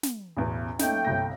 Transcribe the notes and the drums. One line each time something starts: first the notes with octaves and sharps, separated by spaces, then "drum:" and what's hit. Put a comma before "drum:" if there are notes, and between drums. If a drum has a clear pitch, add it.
drum: snare
A1 E2 B2
A3 A#3 C#4 D#4 G5, drum: snare
G1 C2 A#6